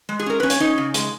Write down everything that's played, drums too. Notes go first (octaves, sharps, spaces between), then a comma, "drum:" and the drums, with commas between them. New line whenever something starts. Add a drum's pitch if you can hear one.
G#3
G#4
C#4 A#4
C#4 B4
C#5, drum: hi-hat
C#4 D#4 D#5
C#3
G#3, drum: hi-hat